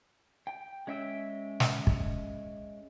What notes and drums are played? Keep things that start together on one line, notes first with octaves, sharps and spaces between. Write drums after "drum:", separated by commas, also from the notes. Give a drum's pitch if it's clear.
G5
G#3 C#4 E5 G5 E6
drum: snare
drum: kick